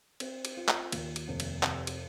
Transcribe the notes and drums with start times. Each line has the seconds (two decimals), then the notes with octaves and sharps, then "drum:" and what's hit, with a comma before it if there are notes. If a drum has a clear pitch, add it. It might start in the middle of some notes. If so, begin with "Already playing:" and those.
0.20 C4, drum: cymbal
0.45 drum: cymbal
0.57 F4
0.68 drum: clap
0.92 D#2, drum: cymbal
1.16 drum: cymbal
1.28 F1
1.40 drum: cymbal
1.63 C3, drum: clap
1.87 drum: cymbal